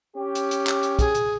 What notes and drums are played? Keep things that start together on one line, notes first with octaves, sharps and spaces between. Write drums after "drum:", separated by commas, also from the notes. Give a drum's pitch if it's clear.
C#4 G4
drum: hi-hat
drum: hi-hat
drum: clap
drum: hi-hat
G#4, drum: kick, hi-hat
drum: hi-hat